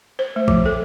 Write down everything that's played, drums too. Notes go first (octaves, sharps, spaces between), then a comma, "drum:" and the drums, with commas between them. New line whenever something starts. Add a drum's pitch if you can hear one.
C5
A3
F3, drum: kick
A4